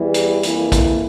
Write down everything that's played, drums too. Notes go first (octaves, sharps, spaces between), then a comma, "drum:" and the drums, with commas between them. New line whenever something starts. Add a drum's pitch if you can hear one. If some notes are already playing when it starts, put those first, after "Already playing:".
Already playing: E2 E3 G3
drum: hi-hat
F2 E3 A#3 E4, drum: hi-hat
drum: kick, hi-hat